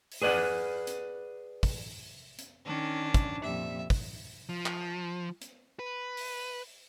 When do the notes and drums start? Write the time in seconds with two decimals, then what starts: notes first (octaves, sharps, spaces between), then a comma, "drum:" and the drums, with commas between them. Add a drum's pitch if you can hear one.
0.12 drum: open hi-hat
0.22 G#4 B4 D5 F5 F#5
0.87 drum: hi-hat
1.63 drum: kick, open hi-hat
2.39 drum: hi-hat
2.65 D#3 C#4 D4
3.14 drum: kick, hi-hat
3.43 F2 A#2 G3 E5
3.90 drum: kick, open hi-hat
4.49 F3
4.66 drum: clap
5.42 drum: hi-hat
5.79 B4
6.17 drum: open hi-hat